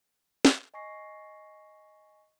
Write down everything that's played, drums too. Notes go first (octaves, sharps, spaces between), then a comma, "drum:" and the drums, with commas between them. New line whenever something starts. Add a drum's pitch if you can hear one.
drum: snare
D#5 G#5 C#6 A#6 C7